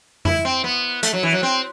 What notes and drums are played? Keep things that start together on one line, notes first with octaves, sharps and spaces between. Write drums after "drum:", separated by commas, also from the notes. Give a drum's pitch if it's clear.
E4, drum: tom F2
C4
B3
A3, drum: hi-hat
F#3
E3
F#3
C4